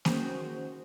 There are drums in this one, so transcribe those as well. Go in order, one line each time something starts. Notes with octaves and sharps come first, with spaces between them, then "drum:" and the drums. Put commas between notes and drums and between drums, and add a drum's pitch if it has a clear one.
D#3 C#4 F#4 G#4 C5, drum: snare A#3